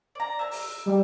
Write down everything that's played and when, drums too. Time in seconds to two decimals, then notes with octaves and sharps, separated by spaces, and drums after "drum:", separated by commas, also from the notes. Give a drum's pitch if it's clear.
0.15 D5 A#5
0.39 E5 A5 A#5
0.51 drum: open hi-hat
0.86 G3